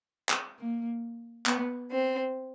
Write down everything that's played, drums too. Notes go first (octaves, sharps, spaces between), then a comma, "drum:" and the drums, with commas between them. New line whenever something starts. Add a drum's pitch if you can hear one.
drum: clap
A#3
B3, drum: clap
C4